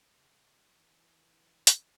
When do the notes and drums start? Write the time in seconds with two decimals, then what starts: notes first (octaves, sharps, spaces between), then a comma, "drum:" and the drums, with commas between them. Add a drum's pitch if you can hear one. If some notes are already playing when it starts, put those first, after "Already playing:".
0.16 C#3
0.70 E3
1.67 drum: hi-hat